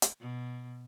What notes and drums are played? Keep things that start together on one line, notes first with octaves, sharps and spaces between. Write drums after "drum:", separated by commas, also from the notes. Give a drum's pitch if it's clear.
drum: hi-hat
B2